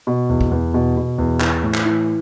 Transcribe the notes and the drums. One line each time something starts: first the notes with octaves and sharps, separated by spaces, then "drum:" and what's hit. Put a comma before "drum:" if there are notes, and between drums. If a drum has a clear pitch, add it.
B2
E2
drum: kick
E2
B2
B2
E2
E3, drum: clap
A2
drum: clap
E3